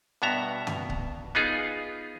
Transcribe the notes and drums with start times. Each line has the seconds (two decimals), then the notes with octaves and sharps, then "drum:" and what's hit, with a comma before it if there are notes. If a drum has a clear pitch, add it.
0.22 G2 B2 B3 E5 A#5
0.67 drum: tom
0.89 drum: kick C#1
1.35 B3 D#4 F4 G#4